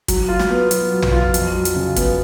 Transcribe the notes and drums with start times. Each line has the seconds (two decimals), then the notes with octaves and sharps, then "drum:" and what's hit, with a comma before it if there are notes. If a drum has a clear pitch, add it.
0.08 F#3, drum: kick, hi-hat
0.28 F4
0.40 drum: snare
0.50 B3
0.71 F#3, drum: hi-hat
0.92 F#3
1.02 drum: tom
1.13 F4
1.34 F2, drum: hi-hat
1.55 F#3
1.65 drum: hi-hat
1.76 C#3
1.96 B3, drum: kick, hi-hat